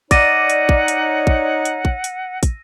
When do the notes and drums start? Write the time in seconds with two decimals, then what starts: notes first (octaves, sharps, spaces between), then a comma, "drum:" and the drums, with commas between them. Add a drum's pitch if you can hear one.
0.11 D#4 C#5 D5 F#5 E6 A#6 D#7, drum: kick, hi-hat
0.50 drum: hi-hat
0.69 drum: kick
0.88 drum: hi-hat
1.27 drum: kick
1.65 drum: hi-hat
1.85 drum: kick
2.04 drum: hi-hat
2.43 drum: kick, hi-hat